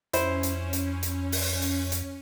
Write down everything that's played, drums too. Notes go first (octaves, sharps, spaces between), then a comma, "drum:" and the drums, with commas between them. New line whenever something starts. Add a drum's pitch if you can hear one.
F2 C#4 E4 C5, drum: hi-hat
drum: hi-hat
drum: hi-hat
drum: hi-hat
drum: open hi-hat
drum: hi-hat
drum: hi-hat